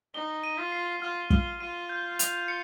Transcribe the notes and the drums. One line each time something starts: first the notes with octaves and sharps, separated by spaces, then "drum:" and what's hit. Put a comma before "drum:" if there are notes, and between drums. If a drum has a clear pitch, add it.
D#4 G7
D#7
F4
C7
F4 F6
F4 G7, drum: kick
F4 D#7
G6
F7, drum: hi-hat
C#7